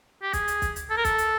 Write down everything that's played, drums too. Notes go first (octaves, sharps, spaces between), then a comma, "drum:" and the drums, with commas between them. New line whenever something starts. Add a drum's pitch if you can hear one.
G4
G#4, drum: kick, hi-hat
drum: hi-hat
drum: kick, hi-hat
drum: hi-hat
A4
A#4
A4, drum: kick, hi-hat
drum: hi-hat